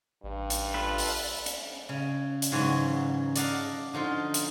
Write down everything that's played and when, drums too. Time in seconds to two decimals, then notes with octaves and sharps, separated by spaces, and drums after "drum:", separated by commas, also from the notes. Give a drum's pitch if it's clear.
0.23 A1 G2
0.50 drum: hi-hat
0.74 F4 A4 B4
0.98 drum: open hi-hat
1.46 drum: hi-hat
1.89 C#3
2.42 drum: hi-hat
2.52 G#2 C#3 E3 F#3
3.36 D5 D#5 F5 F#5 A5 A#5, drum: hi-hat
3.93 D3 F3 D#4 F4
4.34 drum: hi-hat